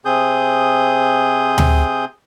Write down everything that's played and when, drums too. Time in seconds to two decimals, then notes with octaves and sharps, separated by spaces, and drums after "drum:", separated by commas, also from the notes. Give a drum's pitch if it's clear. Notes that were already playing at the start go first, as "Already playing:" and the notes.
0.05 C3 C4 G#4 D#6 G6
1.58 drum: tom D2